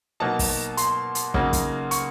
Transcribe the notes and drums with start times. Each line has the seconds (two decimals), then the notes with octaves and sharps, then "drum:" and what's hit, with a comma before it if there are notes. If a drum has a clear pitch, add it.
0.20 B2 F#3 A#3 D#4 A5
0.39 drum: kick, open hi-hat
0.77 C6, drum: hi-hat
1.15 drum: hi-hat
1.34 C#3 F#3 A#3 D#4, drum: kick
1.53 drum: kick, hi-hat
1.91 C#6, drum: hi-hat